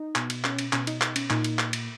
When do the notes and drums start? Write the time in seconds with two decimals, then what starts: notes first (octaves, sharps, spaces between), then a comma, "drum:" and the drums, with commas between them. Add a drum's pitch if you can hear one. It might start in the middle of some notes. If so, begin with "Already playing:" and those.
Already playing: D#4
0.16 B2, drum: clap
0.30 drum: cymbal
0.44 C#4, drum: clap
0.59 drum: cymbal
0.73 B2 C#4, drum: clap
0.87 D#4, drum: cymbal
1.01 D#4, drum: clap
1.16 C#4, drum: cymbal
1.30 A#2 D#4, drum: clap
1.44 drum: cymbal
1.59 drum: clap
1.73 drum: cymbal